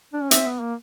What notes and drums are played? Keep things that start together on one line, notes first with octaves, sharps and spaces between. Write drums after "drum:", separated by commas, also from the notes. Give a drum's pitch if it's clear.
D4
C#4
C4 E5, drum: hi-hat
B3
A#3